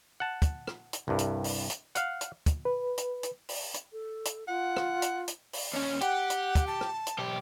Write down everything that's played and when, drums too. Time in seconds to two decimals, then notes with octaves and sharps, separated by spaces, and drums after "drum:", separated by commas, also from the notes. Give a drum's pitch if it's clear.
0.20 F#5 A5
0.42 drum: kick, hi-hat
0.67 drum: rim click
0.93 drum: hi-hat
1.08 C2 G2
1.19 drum: hi-hat
1.44 drum: open hi-hat
1.70 drum: hi-hat
1.95 F5 F#5, drum: hi-hat
2.21 drum: hi-hat
2.46 drum: kick, hi-hat
2.65 B4
2.98 drum: hi-hat
3.23 drum: hi-hat
3.49 drum: open hi-hat
3.74 drum: hi-hat
3.92 A4
4.25 drum: hi-hat
4.48 F4 F#5
4.76 drum: rim click
5.02 drum: hi-hat
5.28 drum: hi-hat
5.53 drum: open hi-hat
5.74 D#2 C#4
6.01 G4 F#5, drum: hi-hat
6.30 drum: hi-hat
6.55 drum: kick, hi-hat
6.67 A5
6.81 drum: rim click
7.07 drum: hi-hat
7.19 B1 G4